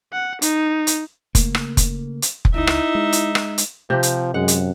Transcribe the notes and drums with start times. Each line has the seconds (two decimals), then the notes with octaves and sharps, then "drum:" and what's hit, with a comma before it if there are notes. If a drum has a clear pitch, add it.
0.13 F#5
0.42 D#4, drum: hi-hat
0.87 drum: hi-hat
1.35 C#3 A3 A#3, drum: kick F1, hi-hat
1.55 drum: rim click
1.77 drum: kick F1, hi-hat
2.22 drum: hi-hat
2.45 drum: kick F1
2.54 D1 C#2 D#4 E4 E5
2.67 drum: rim click
2.95 G#3
3.12 drum: hi-hat
3.35 drum: rim click
3.58 drum: hi-hat
3.90 C3 F3 G4
4.03 drum: hi-hat
4.34 F#2 G#3 F#5
4.48 drum: hi-hat